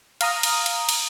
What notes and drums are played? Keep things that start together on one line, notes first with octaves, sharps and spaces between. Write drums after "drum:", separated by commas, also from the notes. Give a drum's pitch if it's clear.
F5 A#5 D#6, drum: cymbal
drum: cymbal
drum: cymbal
drum: cymbal